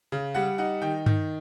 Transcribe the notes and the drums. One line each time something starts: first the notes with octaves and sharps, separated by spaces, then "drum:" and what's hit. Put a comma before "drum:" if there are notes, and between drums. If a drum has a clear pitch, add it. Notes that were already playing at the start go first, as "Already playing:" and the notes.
C#3
G3 F#5
D#4 F#5
D#3 G5
D#3, drum: tom G2